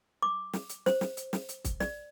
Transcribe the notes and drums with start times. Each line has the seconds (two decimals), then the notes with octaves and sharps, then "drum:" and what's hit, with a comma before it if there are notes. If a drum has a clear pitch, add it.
0.22 D6
0.53 drum: snare
0.69 drum: hi-hat
0.86 C5, drum: snare
1.01 drum: snare
1.17 drum: hi-hat
1.33 drum: snare
1.49 drum: hi-hat
1.65 drum: kick, hi-hat
1.80 D5, drum: snare